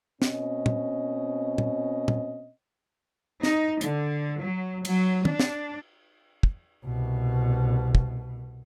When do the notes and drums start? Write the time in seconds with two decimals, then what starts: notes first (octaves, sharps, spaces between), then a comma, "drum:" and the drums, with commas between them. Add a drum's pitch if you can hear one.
0.22 B2 C4 C#4 D#5, drum: snare
0.66 drum: tom
1.58 drum: tom
2.08 drum: tom
3.43 D#4, drum: snare
3.81 D3, drum: hi-hat
4.40 F#3
4.85 F#3, drum: cymbal
5.25 D4, drum: tom
5.39 drum: snare
6.43 drum: kick
6.84 C2 B2
7.95 drum: kick